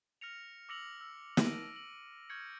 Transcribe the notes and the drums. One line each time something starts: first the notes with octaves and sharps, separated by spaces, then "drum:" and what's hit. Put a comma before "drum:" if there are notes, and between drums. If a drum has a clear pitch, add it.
F6 A#6 C#7 F7
D6 E6 A#6 C#7 F7 F#7
E6
A#6 D7 D#7 F#7, drum: snare
F#7
C#6 F6 G6 G#6 C#7 F#7